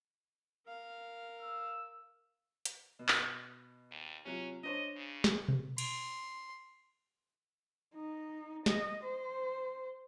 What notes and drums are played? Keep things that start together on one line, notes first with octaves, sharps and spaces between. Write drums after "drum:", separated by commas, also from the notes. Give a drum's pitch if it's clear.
A#4 F5
E6
drum: hi-hat
B2
drum: clap
D#2
C3 F#3 C#4 F4
D4 C5 C#5 D#5
C#3
drum: snare
drum: tom B2
C6, drum: cymbal
D#4
D#5, drum: snare
C5